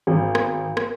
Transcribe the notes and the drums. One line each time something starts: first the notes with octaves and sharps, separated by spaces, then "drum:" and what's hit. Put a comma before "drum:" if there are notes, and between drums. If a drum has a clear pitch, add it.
G#1
drum: rim click
drum: rim click